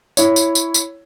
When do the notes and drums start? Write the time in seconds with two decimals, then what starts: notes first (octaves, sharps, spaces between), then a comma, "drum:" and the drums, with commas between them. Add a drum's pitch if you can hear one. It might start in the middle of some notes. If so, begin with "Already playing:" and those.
0.17 E4 C#5, drum: tambourine
0.36 drum: tambourine
0.55 drum: tambourine
0.74 drum: tambourine